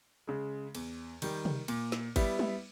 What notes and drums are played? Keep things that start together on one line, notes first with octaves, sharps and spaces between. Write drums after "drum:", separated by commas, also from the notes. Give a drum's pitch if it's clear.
C#3 G#3
E2, drum: cymbal
D#3 G3, drum: cymbal
drum: tom C3
A#2, drum: cymbal
drum: snare
G3 B3 E4, drum: kick G#1, cymbal
drum: tom G3